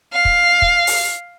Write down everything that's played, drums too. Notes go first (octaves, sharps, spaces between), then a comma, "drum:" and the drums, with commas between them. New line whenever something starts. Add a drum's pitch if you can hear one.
F5
drum: kick
drum: kick
drum: open hi-hat